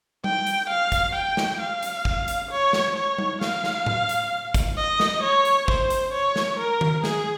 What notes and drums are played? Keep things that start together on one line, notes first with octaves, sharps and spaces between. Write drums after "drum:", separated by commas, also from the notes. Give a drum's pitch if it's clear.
G5, drum: tom G3
drum: hi-hat
F5
drum: kick, hi-hat
G5
drum: snare
F5
drum: hi-hat
drum: kick
drum: hi-hat
C#5
drum: snare
C#5
drum: tom G3
F5, drum: snare
drum: snare
drum: tom A2
drum: hi-hat
drum: kick, hi-hat
D#5
drum: snare
C#5
drum: hi-hat
C5, drum: kick
drum: hi-hat
C#5
drum: snare
A#4
drum: tom D#3
G#4, drum: snare